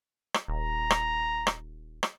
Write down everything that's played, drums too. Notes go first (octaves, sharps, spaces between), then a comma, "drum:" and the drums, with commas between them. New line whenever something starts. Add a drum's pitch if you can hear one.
drum: rim click
D#1 A#5
drum: rim click
drum: rim click
drum: rim click